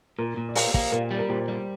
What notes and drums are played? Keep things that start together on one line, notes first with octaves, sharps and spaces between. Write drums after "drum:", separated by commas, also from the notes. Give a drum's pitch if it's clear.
A#2 F4 A#4
A#2
D5
A#3 G4 C5, drum: open hi-hat
A#3, drum: kick
A#2 A#4 D5
G3
A#4
A#2 G4 C5
G3